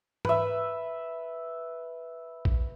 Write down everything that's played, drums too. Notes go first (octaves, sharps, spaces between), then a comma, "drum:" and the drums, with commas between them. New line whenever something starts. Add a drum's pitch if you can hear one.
B4 E5, drum: tom G#2
drum: kick A#1